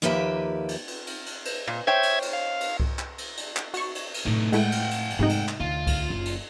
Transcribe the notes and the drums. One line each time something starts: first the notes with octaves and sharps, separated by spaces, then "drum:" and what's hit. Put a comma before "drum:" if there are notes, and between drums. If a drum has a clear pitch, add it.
D#2 F3 A#3 G4 B4 E5
drum: cymbal
drum: cymbal
drum: cymbal
drum: cymbal
drum: cymbal
A#2
C5 C#5 E5 G5 G#6
drum: cymbal
drum: cymbal
F5
drum: cymbal
drum: kick C2
drum: clap
drum: cymbal
drum: cymbal
drum: clap
F#4 C#6, drum: cymbal
drum: cymbal
drum: cymbal
A2 A3 D#4
G#3 A3 E4 F#5 G5, drum: cymbal
drum: cymbal
drum: cymbal
drum: cymbal
G#2 C3 G#3 A3 D#4
drum: cymbal
drum: clap
D2 F4
drum: kick C2, cymbal
F#1
drum: cymbal